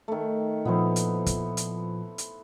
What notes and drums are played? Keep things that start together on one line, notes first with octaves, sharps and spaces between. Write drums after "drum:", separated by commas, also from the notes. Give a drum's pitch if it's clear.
D#3 A3
A#2 F3 B3 E4 C5
drum: hi-hat
drum: kick, hi-hat
drum: hi-hat
drum: hi-hat